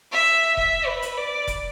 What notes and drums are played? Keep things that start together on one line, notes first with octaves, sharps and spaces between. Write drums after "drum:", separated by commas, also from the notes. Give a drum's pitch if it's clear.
E5
E5, drum: kick E1
B4
drum: hi-hat
D5
drum: kick E1, hi-hat